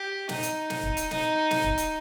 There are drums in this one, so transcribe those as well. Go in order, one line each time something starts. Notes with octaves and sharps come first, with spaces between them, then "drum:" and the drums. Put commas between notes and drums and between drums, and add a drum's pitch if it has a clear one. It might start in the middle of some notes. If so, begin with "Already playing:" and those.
Already playing: G4
D#4, drum: snare
drum: hi-hat
drum: snare
drum: kick C#1
drum: hi-hat
D#4, drum: snare
drum: snare
drum: kick C#1
drum: hi-hat